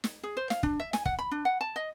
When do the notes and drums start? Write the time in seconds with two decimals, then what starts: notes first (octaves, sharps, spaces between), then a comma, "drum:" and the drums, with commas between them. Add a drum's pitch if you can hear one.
0.04 drum: snare
0.23 G#4
0.37 C5
0.50 F5, drum: snare
0.63 D4, drum: kick
0.80 E5
0.93 G#5, drum: snare
1.05 F#5, drum: kick
1.19 B5
1.31 D4
1.45 F#5
1.61 A5
1.76 D#5